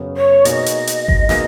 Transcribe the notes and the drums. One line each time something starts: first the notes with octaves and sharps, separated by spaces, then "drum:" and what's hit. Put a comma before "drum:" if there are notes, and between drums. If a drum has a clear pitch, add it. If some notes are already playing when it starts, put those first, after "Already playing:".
Already playing: F#2 C#3 F#3 B3
C#5
B2 A#3 D#4 G#4 D#5, drum: hi-hat
drum: hi-hat
drum: hi-hat
drum: kick G#1
B2 A#3 D#4 G#4, drum: snare